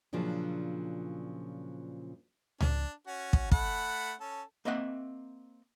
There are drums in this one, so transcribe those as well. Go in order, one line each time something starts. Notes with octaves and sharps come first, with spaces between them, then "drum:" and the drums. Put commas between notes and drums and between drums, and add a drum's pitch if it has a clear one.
A#2 C#3 F3 F#3 D4
D4, drum: tom C#2
C#4 F#4
drum: kick
A3 F#5 B5, drum: kick
C#4 A4
A#3 C4 D#5 E5 F#5